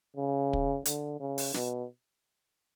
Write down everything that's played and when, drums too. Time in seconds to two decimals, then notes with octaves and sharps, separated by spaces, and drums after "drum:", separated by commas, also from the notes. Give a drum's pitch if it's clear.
0.17 C#3
0.53 drum: kick
0.85 D3, drum: hi-hat
1.20 C#3
1.38 drum: open hi-hat
1.54 B2, drum: snare